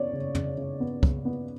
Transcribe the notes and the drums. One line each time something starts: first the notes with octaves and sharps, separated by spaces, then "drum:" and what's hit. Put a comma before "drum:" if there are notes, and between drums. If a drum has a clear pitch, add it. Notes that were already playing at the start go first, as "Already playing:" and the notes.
Already playing: C#3 B3 C#5 D5
C#3
C#3, drum: tom
C#3
B3
C#3, drum: kick
B3